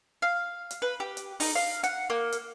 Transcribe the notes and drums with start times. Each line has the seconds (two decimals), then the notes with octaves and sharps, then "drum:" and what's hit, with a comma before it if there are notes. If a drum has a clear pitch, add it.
0.22 F5
0.71 drum: hi-hat
0.82 B4
1.00 G4
1.17 drum: hi-hat
1.40 D#4, drum: open hi-hat
1.55 F5
1.83 F#5, drum: hi-hat
2.10 A#3
2.32 drum: hi-hat